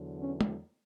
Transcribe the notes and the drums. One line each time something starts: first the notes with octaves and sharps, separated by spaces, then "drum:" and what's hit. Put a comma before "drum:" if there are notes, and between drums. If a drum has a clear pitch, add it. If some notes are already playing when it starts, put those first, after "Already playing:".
Already playing: E2 D3 F#3
C#4
drum: tom